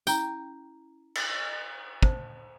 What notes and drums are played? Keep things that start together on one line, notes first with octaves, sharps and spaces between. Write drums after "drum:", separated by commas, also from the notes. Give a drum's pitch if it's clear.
C#4 E4 G5 A#5, drum: tambourine
drum: cymbal
C5 A5, drum: kick